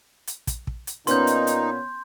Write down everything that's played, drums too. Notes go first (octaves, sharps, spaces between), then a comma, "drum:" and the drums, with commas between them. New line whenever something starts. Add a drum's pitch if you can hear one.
drum: hi-hat
drum: kick, hi-hat
drum: kick
drum: hi-hat
A#2 B3 C#4 D#4 C6 G6, drum: hi-hat
drum: hi-hat
drum: hi-hat